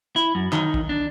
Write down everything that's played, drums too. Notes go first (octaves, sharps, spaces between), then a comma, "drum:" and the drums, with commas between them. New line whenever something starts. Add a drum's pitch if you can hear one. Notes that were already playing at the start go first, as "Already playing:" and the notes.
E4
F#2
D#3, drum: clap
drum: kick
D4